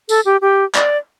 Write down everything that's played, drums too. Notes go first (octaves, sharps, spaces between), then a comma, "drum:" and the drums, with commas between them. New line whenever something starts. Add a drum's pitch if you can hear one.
A4, drum: tambourine
G4
G4
D5, drum: clap